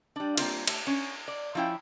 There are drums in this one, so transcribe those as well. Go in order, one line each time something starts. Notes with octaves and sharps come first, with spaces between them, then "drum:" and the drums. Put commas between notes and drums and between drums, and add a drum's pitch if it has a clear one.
G3 D4
G3 A#3 C4 F4, drum: cymbal
A3, drum: cymbal
C#4
D5
F3 C#4 E4 F5 G5